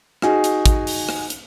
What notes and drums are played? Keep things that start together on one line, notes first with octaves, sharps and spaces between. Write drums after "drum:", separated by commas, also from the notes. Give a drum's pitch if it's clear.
D#4 F#4 G#4, drum: rim click
drum: hi-hat
drum: kick, hi-hat
drum: open hi-hat
drum: rim click
drum: hi-hat